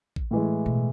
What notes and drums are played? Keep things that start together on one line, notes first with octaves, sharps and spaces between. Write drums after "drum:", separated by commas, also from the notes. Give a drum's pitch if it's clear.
drum: kick A1
A2 E3 G#3
B2